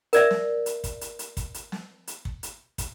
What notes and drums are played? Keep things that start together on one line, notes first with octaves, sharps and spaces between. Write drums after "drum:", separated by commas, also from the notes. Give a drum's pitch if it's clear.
A#4 D5 E5, drum: hi-hat
drum: snare
drum: hi-hat
drum: kick, hi-hat
drum: hi-hat
drum: hi-hat
drum: kick, hi-hat
drum: hi-hat
drum: snare
drum: hi-hat
drum: kick
drum: hi-hat
drum: kick, hi-hat